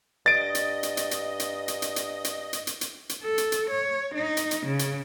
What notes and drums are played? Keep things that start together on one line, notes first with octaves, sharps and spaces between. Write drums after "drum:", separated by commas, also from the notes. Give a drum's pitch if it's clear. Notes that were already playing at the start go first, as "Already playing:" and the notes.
G2 D#5 A6 D7
drum: hi-hat
drum: hi-hat
drum: hi-hat
drum: hi-hat
drum: hi-hat
drum: hi-hat
drum: hi-hat
drum: hi-hat
drum: hi-hat
drum: hi-hat
drum: hi-hat
drum: hi-hat
drum: hi-hat
A4
drum: hi-hat
drum: hi-hat
C#5
D#4
drum: hi-hat
drum: hi-hat
C#3
drum: hi-hat